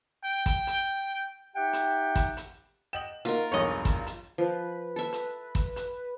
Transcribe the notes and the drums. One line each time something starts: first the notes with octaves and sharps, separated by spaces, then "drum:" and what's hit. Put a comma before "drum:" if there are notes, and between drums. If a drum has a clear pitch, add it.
G5
drum: kick, hi-hat
drum: hi-hat
D#4 G4 E5 F#5 G5
drum: hi-hat
drum: kick, hi-hat
drum: hi-hat
D#5 F#5 G5 E7 F#7
A#3 D#4 F4 F#4 A#4
B1 E2 G2 C#5 D#5
drum: kick, hi-hat
drum: hi-hat
F3 B4
A4 E5
drum: hi-hat
drum: kick, hi-hat
drum: hi-hat